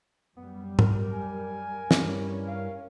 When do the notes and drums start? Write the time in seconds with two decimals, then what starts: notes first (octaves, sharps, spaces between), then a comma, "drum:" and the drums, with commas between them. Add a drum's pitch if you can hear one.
0.37 F#2 G3 B3
0.79 A#4, drum: tom G#2
1.13 G#5
1.91 G2 G3 C#4 E4, drum: snare
2.47 F5